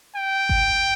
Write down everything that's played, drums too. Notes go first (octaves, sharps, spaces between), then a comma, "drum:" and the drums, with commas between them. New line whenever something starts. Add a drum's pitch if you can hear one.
G5
drum: kick G#1